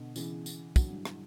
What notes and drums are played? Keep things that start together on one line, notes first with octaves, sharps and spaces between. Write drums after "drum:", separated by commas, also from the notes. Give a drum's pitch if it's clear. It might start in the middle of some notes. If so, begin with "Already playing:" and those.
Already playing: B2 D3
C#3 E3, drum: tambourine
drum: tambourine
D3 F#3, drum: kick, tambourine
G2
drum: rim click